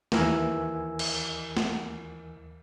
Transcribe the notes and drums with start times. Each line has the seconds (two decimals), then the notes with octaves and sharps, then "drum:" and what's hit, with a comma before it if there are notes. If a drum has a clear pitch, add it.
0.12 D#2 E3 A#4 G#5 E6, drum: snare
0.99 drum: cymbal
1.57 drum: snare